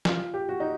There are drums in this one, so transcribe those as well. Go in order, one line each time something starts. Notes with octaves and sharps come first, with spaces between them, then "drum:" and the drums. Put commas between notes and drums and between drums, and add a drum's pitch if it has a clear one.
F4, drum: snare
G4
F#4
D#4